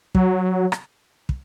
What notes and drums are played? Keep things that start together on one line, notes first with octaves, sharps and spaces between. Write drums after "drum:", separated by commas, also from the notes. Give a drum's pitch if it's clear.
F#3, drum: kick
drum: rim click
drum: kick